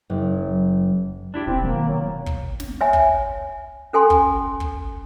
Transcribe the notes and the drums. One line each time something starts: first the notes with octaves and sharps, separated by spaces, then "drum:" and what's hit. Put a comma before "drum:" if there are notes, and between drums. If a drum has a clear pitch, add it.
F#1
D4 E4 G4
E1 B2 C4
D#3 A#3
F#3
drum: kick
drum: snare
C#5 E5 G#5
drum: kick
C#4 A4 G#5 C6
drum: kick
drum: kick